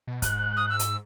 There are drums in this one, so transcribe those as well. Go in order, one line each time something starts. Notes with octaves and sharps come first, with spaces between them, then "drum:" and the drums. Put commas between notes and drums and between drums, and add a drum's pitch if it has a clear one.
B2
G#2 F#6, drum: kick, hi-hat
D#6
E6
drum: hi-hat